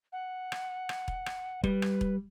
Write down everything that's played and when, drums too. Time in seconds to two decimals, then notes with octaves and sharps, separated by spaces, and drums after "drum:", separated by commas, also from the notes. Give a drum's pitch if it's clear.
0.12 F#5
0.52 drum: rim click
0.89 drum: rim click
1.08 drum: kick E1
1.26 drum: rim click
1.64 G3 B4, drum: kick E1
1.82 drum: rim click
2.01 drum: kick E1